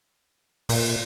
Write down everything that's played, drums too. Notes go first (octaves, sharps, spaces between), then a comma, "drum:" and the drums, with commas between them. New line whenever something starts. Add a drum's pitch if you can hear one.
A#2, drum: open hi-hat